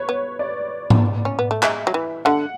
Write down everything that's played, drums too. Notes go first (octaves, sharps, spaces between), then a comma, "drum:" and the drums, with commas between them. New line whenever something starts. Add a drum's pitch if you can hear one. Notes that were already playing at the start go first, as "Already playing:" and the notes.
Already playing: B4 C#5
B3
D5
drum: tom G#2
C#4
B3
A3
G#3 E5, drum: clap
F#3
E3
D3 F#5